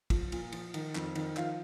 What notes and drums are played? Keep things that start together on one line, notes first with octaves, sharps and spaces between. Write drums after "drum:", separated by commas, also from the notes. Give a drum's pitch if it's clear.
F3, drum: kick, cymbal
A#2, drum: cymbal
F3, drum: cymbal
D#3, drum: cymbal
F2, drum: clap
D#3, drum: cymbal
F3 F5, drum: clap